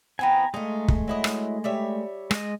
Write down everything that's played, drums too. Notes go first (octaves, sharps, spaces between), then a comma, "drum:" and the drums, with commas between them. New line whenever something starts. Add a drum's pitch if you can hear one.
E3 B3 C4 G#5 A#5
G#3 A3 D#4 F4
drum: kick
F#3 E4 D#5
drum: rim click
G3 C#5 E5
G#3 D#5, drum: rim click